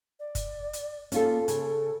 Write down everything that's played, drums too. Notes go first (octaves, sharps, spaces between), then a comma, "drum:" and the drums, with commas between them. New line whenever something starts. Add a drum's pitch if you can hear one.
D5
drum: kick, hi-hat
drum: hi-hat
A#3 C#4 F4 A4, drum: hi-hat
C#3 A4, drum: hi-hat